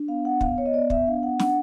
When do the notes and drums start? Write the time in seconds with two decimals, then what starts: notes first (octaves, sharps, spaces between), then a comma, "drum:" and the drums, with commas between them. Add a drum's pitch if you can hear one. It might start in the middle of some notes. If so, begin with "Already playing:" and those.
Already playing: D4
0.08 B3 F5
0.25 F#5
0.41 B3 F5, drum: kick
0.58 C#5
0.66 D#5
0.74 B3 D5
0.90 E5, drum: kick
1.07 D4 F5
1.23 F#5
1.39 D4 F#5, drum: snare